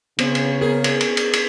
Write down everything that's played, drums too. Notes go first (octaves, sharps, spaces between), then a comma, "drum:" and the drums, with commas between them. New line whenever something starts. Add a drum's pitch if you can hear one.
C#3 B3 C4 C5, drum: cymbal
drum: cymbal
B3 C#4 G#4 A#4
drum: cymbal
drum: cymbal
drum: cymbal
drum: cymbal